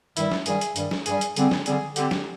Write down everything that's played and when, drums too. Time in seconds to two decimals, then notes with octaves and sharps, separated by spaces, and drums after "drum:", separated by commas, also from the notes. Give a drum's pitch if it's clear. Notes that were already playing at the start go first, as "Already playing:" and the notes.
0.17 G2 D#3 G3 E4, drum: hi-hat
0.31 drum: snare
0.46 G2 D#3 G3 G#4, drum: hi-hat
0.61 drum: hi-hat
0.76 G2 D#3 G3, drum: hi-hat
0.91 drum: snare
1.06 G2 D#3 G3 G#4, drum: hi-hat
1.21 drum: hi-hat
1.36 D3 G3 C4 G#4, drum: hi-hat
1.51 drum: snare
1.66 D3 G3 C4 G#4, drum: hi-hat
1.96 D3 G3 C4 G4, drum: hi-hat
2.11 drum: snare